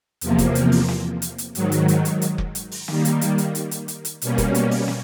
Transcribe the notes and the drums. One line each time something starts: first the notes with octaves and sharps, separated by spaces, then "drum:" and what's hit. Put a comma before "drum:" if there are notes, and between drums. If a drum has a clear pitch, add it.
E2 C3 F3 A#3, drum: hi-hat
drum: kick F1, hi-hat
drum: hi-hat
drum: open hi-hat
drum: snare
drum: hi-hat
drum: hi-hat
G#2 D#3 F#3, drum: hi-hat
drum: hi-hat
drum: hi-hat
drum: hi-hat
drum: hi-hat
drum: kick F1
drum: hi-hat
drum: open hi-hat
D#3 G3 A#3, drum: snare
drum: hi-hat
drum: hi-hat
drum: hi-hat
drum: hi-hat
drum: hi-hat
drum: hi-hat
drum: hi-hat
B2 G3 A#3 C#4, drum: hi-hat
drum: kick F1, hi-hat
drum: hi-hat
drum: open hi-hat
drum: snare